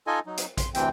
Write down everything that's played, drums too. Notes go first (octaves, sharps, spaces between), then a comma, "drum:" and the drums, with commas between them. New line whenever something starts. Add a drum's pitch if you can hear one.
D#4 F4 A4 D#5 G#5
F#3 D#4
drum: hi-hat
C6, drum: kick A#1, hi-hat
D2 C3 E3 C4 G5, drum: hi-hat